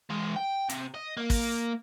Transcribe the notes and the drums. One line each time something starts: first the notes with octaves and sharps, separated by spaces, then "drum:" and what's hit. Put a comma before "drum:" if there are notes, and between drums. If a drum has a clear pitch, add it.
E3 G#3
G5
C3, drum: hi-hat
D#5
A#3
drum: kick, open hi-hat